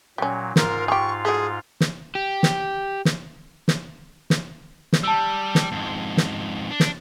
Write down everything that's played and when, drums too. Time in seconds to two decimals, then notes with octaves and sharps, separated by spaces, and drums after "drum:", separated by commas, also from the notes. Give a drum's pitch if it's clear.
0.18 A#2 F#3 G3 C#4
0.56 G#2 F4 A#4 F5, drum: snare
0.88 G4 G#4 C#6
1.25 F#3 A3 G#4
1.81 drum: snare
2.15 G4
2.43 drum: snare
3.05 drum: snare
3.68 drum: snare
4.30 drum: snare
4.93 drum: snare
5.03 G3 A5 E6
5.55 drum: snare
5.72 F2 G#2
6.17 drum: snare
6.71 D4
6.80 drum: snare